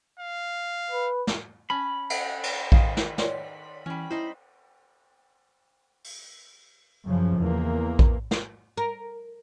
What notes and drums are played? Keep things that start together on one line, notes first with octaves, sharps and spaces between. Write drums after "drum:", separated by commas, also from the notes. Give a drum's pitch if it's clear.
F5
B4
drum: snare
C#4 A5 B5
drum: cymbal
drum: cymbal
D#3 G#4 C5 F5, drum: kick A#1
drum: snare
C#5 D5 C6, drum: snare
E3 G3 C#4
D#4 E4 C5
drum: open hi-hat
F#2 C#3 F3
E2 A#3
drum: kick A#1
drum: snare
A#4